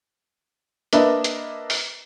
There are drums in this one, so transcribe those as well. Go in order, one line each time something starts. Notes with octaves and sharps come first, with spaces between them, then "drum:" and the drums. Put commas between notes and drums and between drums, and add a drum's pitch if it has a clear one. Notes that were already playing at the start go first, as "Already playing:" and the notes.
A#3 D4 B4 D#5 E5, drum: hi-hat
drum: hi-hat
drum: open hi-hat